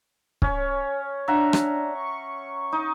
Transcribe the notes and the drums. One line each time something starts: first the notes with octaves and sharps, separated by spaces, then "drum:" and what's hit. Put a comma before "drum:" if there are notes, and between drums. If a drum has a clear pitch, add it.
C#4 C#5, drum: kick
D4 E5 F#5 A#5
drum: rim click
C#6
D#4